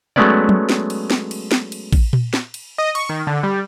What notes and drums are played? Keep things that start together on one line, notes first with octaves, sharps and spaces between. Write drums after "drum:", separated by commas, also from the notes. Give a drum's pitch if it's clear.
F#3 G#3 A3 B3 C#4 D5
drum: tom F#3
drum: snare
drum: cymbal
drum: snare
drum: cymbal
drum: snare
drum: cymbal
drum: kick A1, cymbal
drum: tom A#2
drum: snare
drum: cymbal
D#5
C#6, drum: cymbal
D#3
D3
G3